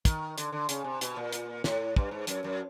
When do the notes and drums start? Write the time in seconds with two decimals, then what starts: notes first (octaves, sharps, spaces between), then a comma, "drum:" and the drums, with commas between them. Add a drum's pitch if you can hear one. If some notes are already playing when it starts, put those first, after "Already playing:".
0.05 D#3, drum: kick, hi-hat
0.38 D3, drum: hi-hat
0.52 D3
0.69 C#3, drum: hi-hat
0.84 C3
1.01 B2, drum: hi-hat
1.16 A#2
1.32 drum: hi-hat
1.64 A2, drum: snare
1.96 G2, drum: kick
2.11 G#2
2.27 F#2, drum: hi-hat
2.44 F#2